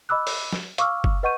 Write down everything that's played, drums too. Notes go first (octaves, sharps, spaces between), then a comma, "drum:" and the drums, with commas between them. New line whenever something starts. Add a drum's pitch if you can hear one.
D#5 B5 D6 E6 F#6
drum: open hi-hat
drum: snare
F5 C#6 D6 E6 F6, drum: hi-hat
drum: kick F#1
B4 D#5 F#5 C#6 G6 D#7